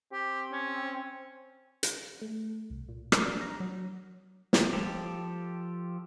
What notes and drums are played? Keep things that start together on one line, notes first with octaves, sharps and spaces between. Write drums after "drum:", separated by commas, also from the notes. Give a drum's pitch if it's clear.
C4 G4
C#4
drum: hi-hat
A3
C2
A#2
A#4, drum: rim click
D4
A#5
F#3
drum: snare
F3 G4 A4